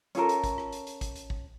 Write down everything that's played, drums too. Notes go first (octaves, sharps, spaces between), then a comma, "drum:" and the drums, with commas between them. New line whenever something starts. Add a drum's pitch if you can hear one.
C#4 F4 A4 A#4, drum: hi-hat
drum: hi-hat
drum: kick, hi-hat
drum: rim click
drum: hi-hat
drum: hi-hat
drum: kick, hi-hat
drum: hi-hat
drum: kick